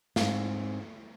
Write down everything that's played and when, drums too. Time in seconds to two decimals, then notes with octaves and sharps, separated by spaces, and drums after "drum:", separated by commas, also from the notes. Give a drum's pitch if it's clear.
0.16 G#2 C4 F5, drum: snare